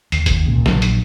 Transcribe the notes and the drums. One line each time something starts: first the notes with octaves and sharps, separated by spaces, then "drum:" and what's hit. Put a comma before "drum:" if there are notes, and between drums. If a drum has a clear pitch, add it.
D#2, drum: hi-hat
drum: kick, hi-hat
G#1 C#2 A#2 C#3
A#1 F#3 D4, drum: snare
drum: hi-hat